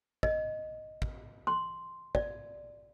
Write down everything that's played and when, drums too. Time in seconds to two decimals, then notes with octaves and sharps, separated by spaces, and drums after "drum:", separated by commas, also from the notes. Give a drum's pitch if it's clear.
0.23 D#5, drum: kick
1.02 drum: kick
1.47 C6
2.15 D5, drum: kick